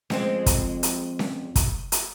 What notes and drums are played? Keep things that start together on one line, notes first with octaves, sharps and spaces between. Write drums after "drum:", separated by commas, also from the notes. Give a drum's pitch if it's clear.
F2 G#3 C4, drum: snare C#4
drum: kick, hi-hat
drum: hi-hat
drum: snare C#4
drum: kick, hi-hat
drum: hi-hat